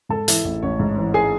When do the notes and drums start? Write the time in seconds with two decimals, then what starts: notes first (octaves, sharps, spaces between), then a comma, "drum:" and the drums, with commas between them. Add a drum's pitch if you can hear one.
0.09 G#2 A4 A5
0.28 E3 E4 E5, drum: hi-hat
0.44 A1
0.62 A1 C#4 C#5
0.79 G#2
0.97 E3
1.14 G#4 G#5